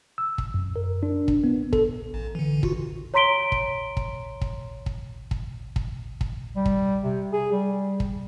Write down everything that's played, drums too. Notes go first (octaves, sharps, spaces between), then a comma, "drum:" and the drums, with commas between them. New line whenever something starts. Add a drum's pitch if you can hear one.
E6
drum: kick
F#2
A#4
D4
drum: kick
B3
A4, drum: kick
A1
D3 E3
F4 F#4, drum: kick
C#5 A#5 C6 B6 D7 G7
drum: kick
drum: kick
drum: kick
drum: kick
drum: kick
drum: kick
drum: kick
G3
drum: kick
C3
G#4
G3
drum: kick